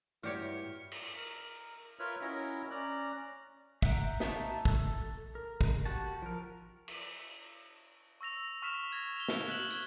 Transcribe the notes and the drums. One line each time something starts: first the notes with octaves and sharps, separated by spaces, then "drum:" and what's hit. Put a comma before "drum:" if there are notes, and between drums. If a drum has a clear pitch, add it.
G2 E4 F#4 G4 C#5 D5 F6 C#7
drum: cymbal
A#4
F4 A#4 B4 C#5 E5 F6
C#4 E4 F#4 A#4 C#5 D#5
C#4 D5 A#5 F#6
E5 F#5 G5 A#5, drum: kick
D#4 E5 A5 A#5 C#6, drum: snare
A4, drum: kick
A#4
drum: kick
F#4 G4 A5, drum: hi-hat
F3 A#4
drum: cymbal
C#6 E6 A#6 F7
C#6 F6 A#6 B6 E7 F7
G#6 A#6
F7 G7
drum: snare
F#6 B6 E7 F#7
G#6, drum: hi-hat